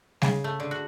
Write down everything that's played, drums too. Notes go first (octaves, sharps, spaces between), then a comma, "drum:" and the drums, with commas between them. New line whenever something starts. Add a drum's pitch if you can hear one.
C#3, drum: snare G3
A3
D3
F#4